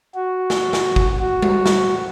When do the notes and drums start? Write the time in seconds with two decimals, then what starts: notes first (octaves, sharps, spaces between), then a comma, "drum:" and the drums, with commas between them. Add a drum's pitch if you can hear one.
0.15 F#4
0.50 drum: snare
0.73 drum: snare
0.96 drum: kick
1.19 F#4
1.42 drum: tom G3
1.66 drum: snare